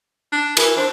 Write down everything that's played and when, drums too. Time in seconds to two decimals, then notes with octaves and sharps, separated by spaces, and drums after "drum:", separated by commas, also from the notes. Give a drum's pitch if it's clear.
0.32 D4
0.57 E3 A#4, drum: cymbal
0.77 D4 C5